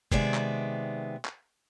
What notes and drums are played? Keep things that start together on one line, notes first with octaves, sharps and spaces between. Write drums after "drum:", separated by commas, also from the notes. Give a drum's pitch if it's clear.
C3 D#3 G#3 B3 D5 E5, drum: kick
drum: clap
drum: clap